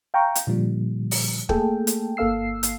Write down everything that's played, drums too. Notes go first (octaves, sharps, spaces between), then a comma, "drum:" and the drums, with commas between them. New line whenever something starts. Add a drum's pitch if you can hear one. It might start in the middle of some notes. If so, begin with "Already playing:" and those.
F5 G5 A#5 C#6
drum: hi-hat
A#2 D3 F3 G3
drum: open hi-hat
A3 A#3 G#4 A4 G5, drum: kick
drum: hi-hat
G1 A#3 A4 F5 E6 C7
drum: hi-hat